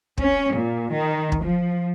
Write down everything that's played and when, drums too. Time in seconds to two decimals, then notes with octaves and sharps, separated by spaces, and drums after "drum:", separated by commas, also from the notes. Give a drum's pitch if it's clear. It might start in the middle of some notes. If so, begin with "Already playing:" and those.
0.18 C#4, drum: kick
0.53 A#2
0.92 D#3
1.32 drum: kick
1.42 F3